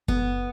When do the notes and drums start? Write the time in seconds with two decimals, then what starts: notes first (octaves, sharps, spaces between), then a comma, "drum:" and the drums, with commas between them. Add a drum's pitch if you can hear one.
0.08 B3, drum: kick F#1